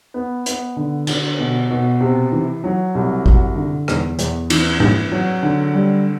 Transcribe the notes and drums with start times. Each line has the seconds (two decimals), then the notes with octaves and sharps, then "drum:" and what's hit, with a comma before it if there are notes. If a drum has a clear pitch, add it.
0.14 B3
0.46 B3, drum: hi-hat
0.77 D3
1.07 D3, drum: cymbal
1.39 B2
1.70 B2
2.01 C3
2.32 E3
2.64 F#3
2.95 C2
3.26 F#4, drum: kick G#1
3.56 D3
3.88 E2, drum: rim click
4.19 E2, drum: hi-hat
4.50 E3, drum: cymbal
4.80 E3, drum: tom G#2
5.12 F#3
5.43 D3
5.73 G3